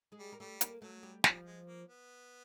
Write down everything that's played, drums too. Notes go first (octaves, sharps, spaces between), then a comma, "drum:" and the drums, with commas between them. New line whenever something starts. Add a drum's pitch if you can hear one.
G#3 G#4
G3
A#4
G3 A3 A4
A#3 A#4, drum: hi-hat
F#3 A3 A4
G3 G4
F3 G3 F4, drum: snare
G#3
A#3
B3